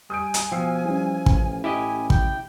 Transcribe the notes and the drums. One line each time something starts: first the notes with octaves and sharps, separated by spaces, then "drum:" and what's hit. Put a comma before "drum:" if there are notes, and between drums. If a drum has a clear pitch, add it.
G3 G#5 D#6 G6 D7
drum: hi-hat
B2 F3 G5 E6 C7
E3 G3 C#4
A1, drum: kick
E4 G4 D#5 G#5
G5, drum: kick